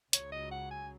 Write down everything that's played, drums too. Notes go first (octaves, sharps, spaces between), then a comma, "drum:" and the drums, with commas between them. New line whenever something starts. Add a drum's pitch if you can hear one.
C#2 C#3 F#3 C#5, drum: hi-hat
D#5
F#5
G#5